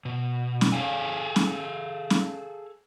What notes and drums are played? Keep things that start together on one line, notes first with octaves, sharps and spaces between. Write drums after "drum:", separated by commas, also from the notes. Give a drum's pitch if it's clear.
B2
drum: snare
G#4 A4 C#5 F5 G#5
drum: snare
drum: snare